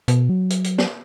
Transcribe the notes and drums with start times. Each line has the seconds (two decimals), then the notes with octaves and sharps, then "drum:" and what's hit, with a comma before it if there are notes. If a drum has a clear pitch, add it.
0.08 B2, drum: hi-hat
0.29 F#3
0.50 drum: hi-hat
0.64 drum: hi-hat
0.78 drum: snare